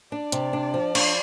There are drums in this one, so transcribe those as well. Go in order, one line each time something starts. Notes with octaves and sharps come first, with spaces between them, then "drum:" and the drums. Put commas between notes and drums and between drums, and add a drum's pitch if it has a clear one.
D4 D5
C3, drum: hi-hat
D4
F3
D4, drum: cymbal